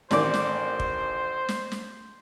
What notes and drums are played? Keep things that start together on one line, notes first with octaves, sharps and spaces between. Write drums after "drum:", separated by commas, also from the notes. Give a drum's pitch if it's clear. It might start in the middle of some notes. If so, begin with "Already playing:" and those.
A1 D#3 C5 D5, drum: snare
drum: snare
drum: kick
drum: snare
drum: snare